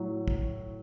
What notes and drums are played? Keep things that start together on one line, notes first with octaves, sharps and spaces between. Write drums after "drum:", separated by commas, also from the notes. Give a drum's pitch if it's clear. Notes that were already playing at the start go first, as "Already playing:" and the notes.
Already playing: A2 F#3
drum: kick